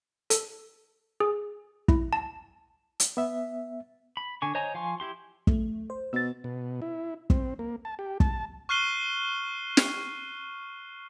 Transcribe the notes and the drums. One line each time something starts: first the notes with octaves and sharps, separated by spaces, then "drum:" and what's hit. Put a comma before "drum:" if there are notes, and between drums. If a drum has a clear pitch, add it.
A4, drum: hi-hat
G#4
E4, drum: kick
A5
drum: hi-hat
B3 E5
B5
D3 G#5 C#6
C5 C#5 D#5 G#5 A#5
F3 F5 G#5 C6 C#6
E4 G4 C6
A3, drum: kick
C5
B2 E6 A6
B2
E4
C4, drum: kick
A#3
A5
G4
A5, drum: kick
C#6 F6 F#6 C7 D#7 G7
drum: snare